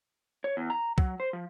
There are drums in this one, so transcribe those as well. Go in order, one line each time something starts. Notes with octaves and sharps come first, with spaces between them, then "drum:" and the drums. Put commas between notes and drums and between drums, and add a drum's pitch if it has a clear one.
C#5
E2
A#5
F#3, drum: kick
C5
F3